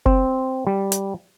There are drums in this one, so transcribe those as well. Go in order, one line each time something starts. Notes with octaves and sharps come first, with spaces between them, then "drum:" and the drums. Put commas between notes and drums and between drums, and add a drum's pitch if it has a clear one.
C4, drum: kick F#1
G3
drum: hi-hat